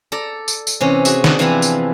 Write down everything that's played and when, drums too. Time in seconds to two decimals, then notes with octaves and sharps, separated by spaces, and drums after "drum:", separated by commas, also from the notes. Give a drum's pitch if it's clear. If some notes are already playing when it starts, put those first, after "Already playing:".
0.12 A4 D5 A#5
0.48 drum: tambourine
0.67 drum: tambourine
0.80 C3 E3 C#4
1.05 F#4 G#4 E5, drum: tambourine
1.24 D4 F#5, drum: snare
1.39 C3 E3 F3 B3 C4 E4
1.62 drum: tambourine